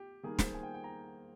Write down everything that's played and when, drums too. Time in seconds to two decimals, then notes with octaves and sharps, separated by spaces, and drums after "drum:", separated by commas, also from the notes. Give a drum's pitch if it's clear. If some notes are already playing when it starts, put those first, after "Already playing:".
Already playing: G4
0.23 D#3 G3 A#3 G#4
0.39 C5, drum: snare
0.54 G#5
0.63 G5
0.74 G5
0.84 A#5